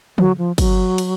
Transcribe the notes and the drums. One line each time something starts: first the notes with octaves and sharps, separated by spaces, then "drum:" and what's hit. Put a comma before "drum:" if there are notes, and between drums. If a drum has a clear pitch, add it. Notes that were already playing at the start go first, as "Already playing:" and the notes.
F#3, drum: tom
F3
F#3, drum: kick, cymbal
drum: cymbal